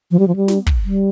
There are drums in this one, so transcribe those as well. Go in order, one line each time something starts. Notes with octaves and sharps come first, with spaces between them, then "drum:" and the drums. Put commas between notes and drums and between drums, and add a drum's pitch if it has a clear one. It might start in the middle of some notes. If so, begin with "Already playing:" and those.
F3
G3
F3
G3
drum: snare
drum: kick
G3